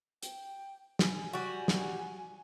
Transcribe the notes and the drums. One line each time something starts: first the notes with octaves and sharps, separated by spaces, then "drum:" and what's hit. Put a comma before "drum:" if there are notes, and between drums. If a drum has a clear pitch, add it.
G5, drum: hi-hat
G#5, drum: snare
G3 F#4
drum: snare